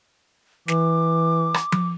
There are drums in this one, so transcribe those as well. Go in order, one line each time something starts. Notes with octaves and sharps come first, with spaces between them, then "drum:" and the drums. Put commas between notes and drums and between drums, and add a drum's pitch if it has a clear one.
E3 D6, drum: snare
drum: rim click
drum: tom F3